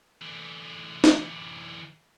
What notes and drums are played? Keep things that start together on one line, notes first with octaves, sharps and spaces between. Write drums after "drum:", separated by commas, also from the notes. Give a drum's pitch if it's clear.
D3 E3
drum: snare